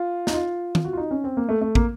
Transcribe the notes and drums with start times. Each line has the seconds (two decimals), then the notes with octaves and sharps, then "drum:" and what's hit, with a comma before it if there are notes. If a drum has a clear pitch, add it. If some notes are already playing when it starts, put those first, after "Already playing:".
Already playing: F4
0.27 D#4, drum: snare
0.33 F4
0.75 drum: tom D#3
0.85 F#4
0.93 F4
0.97 D#4
1.11 C#4
1.24 C4
1.37 A#3
1.49 A3
1.61 A3
1.75 A#3, drum: kick